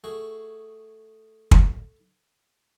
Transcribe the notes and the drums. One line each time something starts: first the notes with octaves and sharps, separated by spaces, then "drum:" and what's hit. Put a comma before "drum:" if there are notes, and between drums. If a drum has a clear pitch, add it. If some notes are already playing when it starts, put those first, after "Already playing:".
A3 F#4 G#4
drum: kick